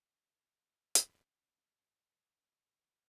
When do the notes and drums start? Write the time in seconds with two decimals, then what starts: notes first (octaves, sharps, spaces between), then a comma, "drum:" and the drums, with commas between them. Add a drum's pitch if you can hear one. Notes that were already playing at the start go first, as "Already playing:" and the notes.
0.95 drum: hi-hat
1.16 C#3
1.80 G2
2.33 E4